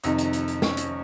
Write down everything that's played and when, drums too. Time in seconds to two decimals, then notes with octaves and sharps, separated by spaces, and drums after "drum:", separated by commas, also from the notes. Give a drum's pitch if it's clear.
0.04 F2 C3 D#3 D#4, drum: hi-hat
0.18 drum: hi-hat
0.33 drum: hi-hat
0.48 drum: hi-hat
0.62 C#4, drum: snare
0.77 drum: hi-hat